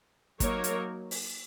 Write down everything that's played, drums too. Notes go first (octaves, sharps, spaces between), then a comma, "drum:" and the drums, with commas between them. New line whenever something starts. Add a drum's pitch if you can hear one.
F#3 A#3 D#4 A#4 C#5, drum: kick, hi-hat
drum: hi-hat
drum: open hi-hat